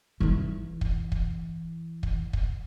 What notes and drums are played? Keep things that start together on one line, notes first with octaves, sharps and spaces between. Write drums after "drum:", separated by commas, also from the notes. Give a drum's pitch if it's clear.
E3 E4
drum: kick
drum: kick
drum: kick
drum: kick